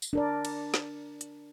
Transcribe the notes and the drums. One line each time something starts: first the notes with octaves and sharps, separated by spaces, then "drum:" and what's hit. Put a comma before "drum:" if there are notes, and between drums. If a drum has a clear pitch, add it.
drum: tambourine
D4 A#4 D5
drum: cymbal
drum: snare
drum: hi-hat